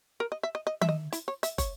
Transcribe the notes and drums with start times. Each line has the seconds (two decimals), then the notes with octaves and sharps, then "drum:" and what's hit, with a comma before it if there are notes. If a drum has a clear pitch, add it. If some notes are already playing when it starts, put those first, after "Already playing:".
0.20 A#4
0.32 D#5
0.43 E5
0.55 D#5
0.67 D#5
0.81 E5, drum: tom D#3
0.89 D#5
1.13 E4, drum: hi-hat
1.28 C#5
1.43 E5, drum: hi-hat
1.58 C#5, drum: kick, hi-hat